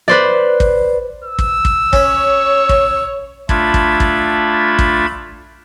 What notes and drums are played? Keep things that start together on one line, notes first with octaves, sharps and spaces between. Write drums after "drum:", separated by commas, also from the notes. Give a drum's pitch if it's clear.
B4 C5 D5
drum: kick
E6
drum: kick
drum: kick
C#4 C#5 B5, drum: kick
drum: kick
A3 D4 F4 A5 B5 G#6, drum: kick
drum: kick
drum: kick
drum: kick